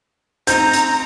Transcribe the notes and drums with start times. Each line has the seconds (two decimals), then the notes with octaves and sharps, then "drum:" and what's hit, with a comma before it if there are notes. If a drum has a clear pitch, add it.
0.47 C4 D#4 A#5 G6, drum: hi-hat
0.73 drum: hi-hat